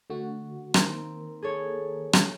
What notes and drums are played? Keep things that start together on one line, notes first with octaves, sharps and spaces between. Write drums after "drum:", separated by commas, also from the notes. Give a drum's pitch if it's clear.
D3 A3 F#4
D#3 A#3 C4 A#4, drum: rim click
G#4 A4 C#5
drum: rim click